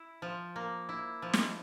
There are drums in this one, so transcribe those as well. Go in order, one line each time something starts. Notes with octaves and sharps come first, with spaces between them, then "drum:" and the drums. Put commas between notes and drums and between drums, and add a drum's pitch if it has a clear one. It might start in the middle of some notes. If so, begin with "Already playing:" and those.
Already playing: E4
F3
A#3
E4
F3
drum: snare